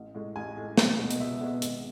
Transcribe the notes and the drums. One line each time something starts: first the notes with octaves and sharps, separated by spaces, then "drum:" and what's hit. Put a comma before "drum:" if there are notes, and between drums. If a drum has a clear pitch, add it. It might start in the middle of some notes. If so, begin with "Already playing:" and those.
Already playing: A1
A2 G#3
A1 G#5
A2 G#3
C#2, drum: snare
B2 G#3 B3
drum: hi-hat
C#2 E5
B2 G#3 B3
G#1, drum: hi-hat